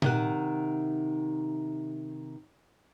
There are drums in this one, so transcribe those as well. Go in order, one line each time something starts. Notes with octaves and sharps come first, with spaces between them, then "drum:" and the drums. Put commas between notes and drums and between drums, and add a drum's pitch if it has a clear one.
C3 D#3 F#5, drum: tom A#2